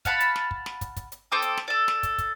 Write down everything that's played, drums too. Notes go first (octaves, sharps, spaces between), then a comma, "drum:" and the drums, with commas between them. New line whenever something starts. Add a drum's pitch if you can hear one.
F5 F#5 A5 B5, drum: kick, hi-hat
drum: hi-hat
drum: snare
drum: kick
drum: snare
drum: kick, hi-hat
drum: kick, hi-hat
drum: hi-hat
C4 A4 D6 D#6
drum: hi-hat
drum: snare
A4 D5
drum: snare
drum: kick, hi-hat
drum: kick, hi-hat